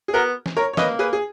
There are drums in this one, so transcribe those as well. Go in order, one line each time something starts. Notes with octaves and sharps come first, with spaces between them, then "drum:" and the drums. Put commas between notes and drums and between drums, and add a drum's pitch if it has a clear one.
G#4
B3 F#4 A#4
drum: snare
A#4 C#5
C#5
A#3 B4 D#5, drum: snare
G#4 B4
G#4